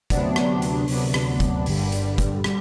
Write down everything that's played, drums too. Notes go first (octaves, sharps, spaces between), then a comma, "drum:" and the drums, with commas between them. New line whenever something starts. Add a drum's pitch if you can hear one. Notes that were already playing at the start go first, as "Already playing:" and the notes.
D2 C3 F#3 B3 D4, drum: kick, hi-hat
drum: rim click
drum: hi-hat
D2 C3 F#3 B3 D4, drum: open hi-hat
drum: rim click
drum: kick, hi-hat
G1 G2 D3 G3, drum: open hi-hat
drum: hi-hat
drum: kick, hi-hat
D3 G3, drum: rim click